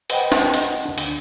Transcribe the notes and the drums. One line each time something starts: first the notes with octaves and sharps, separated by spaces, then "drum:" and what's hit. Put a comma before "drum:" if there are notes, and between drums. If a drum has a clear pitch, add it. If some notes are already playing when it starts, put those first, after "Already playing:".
B4 C5 D#5 F#5 G5 B5, drum: hi-hat
drum: snare
drum: hi-hat
D2 D4
drum: hi-hat